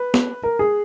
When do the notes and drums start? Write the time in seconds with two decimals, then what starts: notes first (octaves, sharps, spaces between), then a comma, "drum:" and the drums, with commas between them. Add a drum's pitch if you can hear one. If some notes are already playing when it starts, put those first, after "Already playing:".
Already playing: B4
0.14 drum: snare B3
0.43 A#4
0.59 G#4